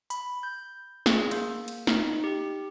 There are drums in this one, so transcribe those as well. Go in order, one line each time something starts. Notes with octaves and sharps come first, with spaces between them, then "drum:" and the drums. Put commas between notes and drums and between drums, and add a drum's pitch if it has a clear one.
B5, drum: hi-hat
G6
G#4, drum: snare
A#3, drum: cymbal
drum: cymbal
D#4, drum: snare
G4